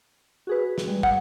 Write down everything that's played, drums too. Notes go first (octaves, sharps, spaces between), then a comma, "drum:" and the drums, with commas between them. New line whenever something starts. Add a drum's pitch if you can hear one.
F#4 G#4 B4
drum: snare
G3 G#3
F#5 C#7, drum: kick